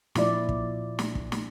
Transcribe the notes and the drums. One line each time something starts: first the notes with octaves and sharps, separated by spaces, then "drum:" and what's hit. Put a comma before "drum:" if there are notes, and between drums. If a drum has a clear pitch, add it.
A#2 F3 E4 D5, drum: snare
drum: kick
drum: snare
drum: kick
drum: snare